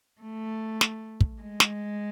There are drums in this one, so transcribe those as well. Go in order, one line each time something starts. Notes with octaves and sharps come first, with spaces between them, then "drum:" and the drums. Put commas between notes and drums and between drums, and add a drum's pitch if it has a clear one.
A3
drum: snare
drum: kick
G#3
drum: snare